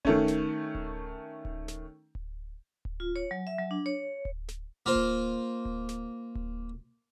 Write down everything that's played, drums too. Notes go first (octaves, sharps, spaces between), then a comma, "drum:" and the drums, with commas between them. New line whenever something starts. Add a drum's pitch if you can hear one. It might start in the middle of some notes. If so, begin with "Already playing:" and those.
D#3 A3 C#4, drum: kick D1
drum: snare
drum: kick D1
drum: kick D1
drum: snare
drum: kick D1
drum: kick D1
F4
C#5
F#3
E5
F#3
D4
C#5
drum: kick D1
drum: snare
A#3 F4 C5
drum: kick D1
drum: kick D1
drum: snare
drum: kick D1